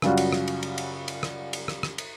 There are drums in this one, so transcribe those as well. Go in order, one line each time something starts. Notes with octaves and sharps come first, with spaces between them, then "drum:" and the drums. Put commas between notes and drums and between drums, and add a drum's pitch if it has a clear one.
F#2 C#3 F#3 G3 F4 F#4, drum: rim click
drum: cymbal
drum: rim click
drum: cymbal
drum: cymbal
drum: cymbal
drum: cymbal
drum: rim click
drum: cymbal
drum: rim click
drum: rim click
drum: cymbal